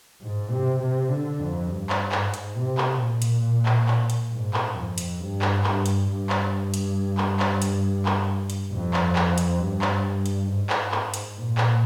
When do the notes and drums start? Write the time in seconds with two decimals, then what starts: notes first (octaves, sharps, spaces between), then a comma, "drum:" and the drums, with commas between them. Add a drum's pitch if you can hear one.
0.21 G#2
0.51 C3
0.80 C3
1.09 D3
1.38 F2
1.68 G2
1.90 drum: clap
2.12 G#2, drum: clap
2.34 drum: hi-hat
2.56 C3
2.78 drum: clap
2.99 A#2
3.22 drum: hi-hat
3.66 drum: clap
3.88 drum: clap
4.10 drum: hi-hat
4.32 G#2
4.54 drum: clap
4.76 F2
4.98 drum: hi-hat
5.20 G2
5.42 drum: clap
5.64 G2, drum: clap
5.86 drum: hi-hat
6.08 G2
6.30 drum: clap
6.74 drum: hi-hat
7.18 drum: clap
7.40 drum: clap
7.62 drum: hi-hat
8.06 drum: clap
8.50 drum: hi-hat
8.72 F2
8.94 drum: clap
9.16 drum: clap
9.38 drum: hi-hat
9.59 G2
9.82 drum: clap
10.26 drum: hi-hat
10.48 G#2
10.70 drum: clap
10.92 drum: clap
11.14 drum: hi-hat
11.36 A#2
11.58 drum: clap